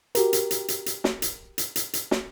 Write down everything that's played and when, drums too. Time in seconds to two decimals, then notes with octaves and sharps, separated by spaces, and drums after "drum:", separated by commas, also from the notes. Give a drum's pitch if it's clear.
0.15 F#4 G4 A#4, drum: hi-hat
0.33 drum: hi-hat
0.51 drum: hi-hat
0.68 drum: hi-hat
0.86 drum: hi-hat
1.04 drum: snare
1.22 drum: hi-hat
1.58 drum: hi-hat
1.76 drum: hi-hat
1.93 drum: hi-hat
2.11 drum: snare